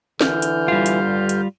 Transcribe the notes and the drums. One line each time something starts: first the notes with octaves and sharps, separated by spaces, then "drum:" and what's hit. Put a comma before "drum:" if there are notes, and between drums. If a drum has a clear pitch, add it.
D3 E3 F6 G6, drum: snare
drum: hi-hat
G3 F4
drum: hi-hat
G2
drum: hi-hat